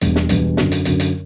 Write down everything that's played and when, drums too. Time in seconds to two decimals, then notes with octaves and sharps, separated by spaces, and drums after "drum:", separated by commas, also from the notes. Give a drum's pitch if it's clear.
0.01 E1 E2 B2 G3 D4, drum: hi-hat
0.16 drum: snare
0.29 E1 E2 B2 G3 D4, drum: hi-hat
0.57 F#2 D3 F#3, drum: snare
0.72 drum: hi-hat
0.85 F#2 D3 F#3, drum: hi-hat
1.00 drum: hi-hat